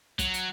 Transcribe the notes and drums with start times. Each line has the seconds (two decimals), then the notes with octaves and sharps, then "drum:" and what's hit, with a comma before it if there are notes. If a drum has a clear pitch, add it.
0.19 F#3, drum: kick, hi-hat
0.34 drum: hi-hat